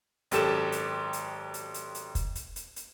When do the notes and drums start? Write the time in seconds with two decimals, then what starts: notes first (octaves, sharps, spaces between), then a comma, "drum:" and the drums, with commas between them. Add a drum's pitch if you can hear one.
0.31 G#1 F#2 G4 A4 E7, drum: hi-hat
0.72 drum: hi-hat
1.13 drum: hi-hat
1.54 drum: hi-hat
1.74 drum: hi-hat
1.95 drum: hi-hat
2.15 drum: kick, hi-hat
2.35 drum: hi-hat
2.56 drum: hi-hat
2.76 drum: hi-hat